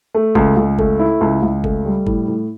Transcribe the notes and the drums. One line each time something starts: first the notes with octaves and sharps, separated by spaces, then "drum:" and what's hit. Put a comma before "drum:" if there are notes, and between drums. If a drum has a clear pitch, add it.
A3
C#2, drum: kick F#1
C#2
A3, drum: kick F#1
E4
C#2
C#2
A3, drum: kick F#1
G3
A2, drum: kick F#1
A2